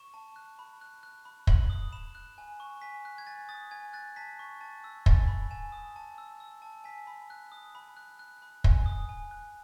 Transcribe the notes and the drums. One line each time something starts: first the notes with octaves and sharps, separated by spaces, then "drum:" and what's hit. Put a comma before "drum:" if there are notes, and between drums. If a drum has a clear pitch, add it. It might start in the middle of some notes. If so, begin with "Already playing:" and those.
Already playing: C#6 E7
A5
F#6
B5
F#6
F#6
B5
B5 F#7, drum: kick
D#6
B5 E7
F#6
G#5
C#6
G#5 B6
F#6
G#6
G#5 A6
D#6 A6
G#5 G#6
F#6 A6
A5 B6
C#6
A5 A6
E6
G#5 A6, drum: kick
B5
G#5 E7
D#6
A5
E6
E6
A5
G#5 B6
B5
F#6
D#6
B5
F#6
F#6
B5
G#5, drum: kick
D#6
G#5
F#6